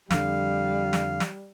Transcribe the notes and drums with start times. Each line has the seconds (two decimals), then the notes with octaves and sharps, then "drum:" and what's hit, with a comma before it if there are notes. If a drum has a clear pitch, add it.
0.11 F2 D3 G3 F5, drum: snare
0.93 drum: snare
1.20 drum: snare